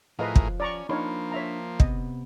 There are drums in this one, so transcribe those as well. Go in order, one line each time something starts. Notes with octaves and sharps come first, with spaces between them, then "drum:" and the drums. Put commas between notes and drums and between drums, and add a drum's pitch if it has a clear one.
A2 F3 G#4 A#4 B4 D#5 F5
drum: kick
C#4 D5 A#5 C#6
F3 A#3 D4 D#4 C#5 F5 B5
C#5 E5 A#5
C3 B3 D#5, drum: kick